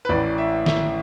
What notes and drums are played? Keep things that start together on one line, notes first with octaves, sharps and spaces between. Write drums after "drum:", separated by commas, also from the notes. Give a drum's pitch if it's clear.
B4
A1 A2 E3 D5
E5
E5, drum: snare